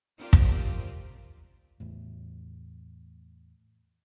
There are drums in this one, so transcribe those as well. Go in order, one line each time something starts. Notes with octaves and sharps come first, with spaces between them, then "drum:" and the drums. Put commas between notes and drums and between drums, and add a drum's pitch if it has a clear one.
C4 F4 G4 A#4 C5 D5
drum: kick
E2 A2